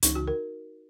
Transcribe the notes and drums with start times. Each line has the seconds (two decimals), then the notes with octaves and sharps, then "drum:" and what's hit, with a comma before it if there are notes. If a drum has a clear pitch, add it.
0.03 C#2 C#3 E3 D#4, drum: hi-hat
0.15 F#4
0.28 A#4